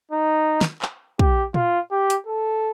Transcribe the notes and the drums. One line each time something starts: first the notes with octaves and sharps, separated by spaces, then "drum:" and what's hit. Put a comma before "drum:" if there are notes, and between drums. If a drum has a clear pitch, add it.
D#4
drum: snare
drum: clap
G4, drum: kick
F4, drum: tom
G4
drum: hi-hat
A4